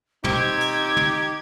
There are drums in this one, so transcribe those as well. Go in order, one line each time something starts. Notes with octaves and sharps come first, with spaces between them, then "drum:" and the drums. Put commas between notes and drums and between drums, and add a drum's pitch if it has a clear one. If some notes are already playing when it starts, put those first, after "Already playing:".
A#2 D#3 C4 D#4 G4 G#6, drum: tom
drum: hi-hat
drum: tom